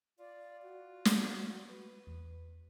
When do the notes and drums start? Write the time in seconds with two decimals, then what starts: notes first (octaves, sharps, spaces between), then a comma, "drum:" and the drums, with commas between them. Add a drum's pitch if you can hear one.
0.19 F4 D5
0.62 F#4
1.05 drum: snare
1.69 B4
2.07 E2